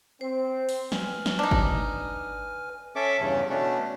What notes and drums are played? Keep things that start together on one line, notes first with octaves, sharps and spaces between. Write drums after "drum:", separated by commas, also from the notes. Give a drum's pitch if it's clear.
C4 C5
drum: open hi-hat
B4 G#5 F6, drum: snare
drum: snare
D4 D#4
drum: kick G#1
C#4 A4 E5 D6
E2 G2 C#3 C#4
B2 A3 C#4 D4